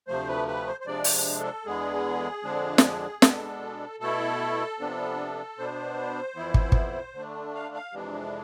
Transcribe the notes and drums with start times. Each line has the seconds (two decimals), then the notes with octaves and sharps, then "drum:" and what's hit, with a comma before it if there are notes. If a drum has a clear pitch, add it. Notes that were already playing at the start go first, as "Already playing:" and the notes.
0.07 D2 C3 F3 A3 C5
0.28 B4
0.48 B4
0.67 C5
0.80 C5
0.86 C3 F3 G#3 D4 D5
1.04 drum: open hi-hat
1.39 A4
1.66 E2 D3 G#3 B3 G#4
2.43 F2 D3 F3 G#3 D4
2.78 drum: snare
3.22 B2 G#3 B3 D4 A4, drum: snare
4.00 B2 A3 E4 A4
4.80 C3 F3 B3 D4
5.58 B2 B3 D4 C5
6.36 F2 E3 B3 E4
6.54 drum: kick
6.72 drum: kick
7.14 D3 A3 D4
7.55 F5
7.74 F5
7.93 F2 C3 E3 G#3 D4